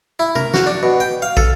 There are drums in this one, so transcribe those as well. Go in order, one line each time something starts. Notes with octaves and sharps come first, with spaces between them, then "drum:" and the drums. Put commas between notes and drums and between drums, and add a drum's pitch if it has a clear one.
E4
A#4, drum: tom C3
F#4, drum: snare
D4
B2
G5
F5
A4, drum: kick